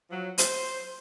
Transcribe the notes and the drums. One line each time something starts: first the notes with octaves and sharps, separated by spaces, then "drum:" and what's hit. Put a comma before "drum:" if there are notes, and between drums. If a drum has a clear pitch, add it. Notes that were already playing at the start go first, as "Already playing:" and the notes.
F3 F#3
C5, drum: hi-hat